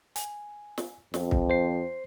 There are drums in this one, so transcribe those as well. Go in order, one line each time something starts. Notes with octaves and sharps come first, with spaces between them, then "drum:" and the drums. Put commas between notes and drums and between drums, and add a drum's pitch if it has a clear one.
G#5, drum: hi-hat
drum: snare
F2, drum: snare
drum: kick C2
C5 C7